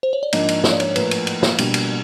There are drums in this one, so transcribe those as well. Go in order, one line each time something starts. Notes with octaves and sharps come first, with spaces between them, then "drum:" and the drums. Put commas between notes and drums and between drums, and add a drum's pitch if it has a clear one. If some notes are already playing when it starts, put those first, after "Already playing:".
C5
C#5
D5
G#2 F3 A#3 D4 D#5, drum: cymbal
drum: cymbal
C#5, drum: snare
D5
C#5, drum: cymbal
A2 F3 A#3 B4, drum: cymbal
drum: cymbal
drum: cymbal
drum: snare
B2 G3 A#3 D4, drum: cymbal
drum: cymbal